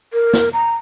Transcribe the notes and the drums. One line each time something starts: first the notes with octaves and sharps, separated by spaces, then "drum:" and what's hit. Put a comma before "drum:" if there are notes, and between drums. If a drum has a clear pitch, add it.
A#4
drum: snare
A#5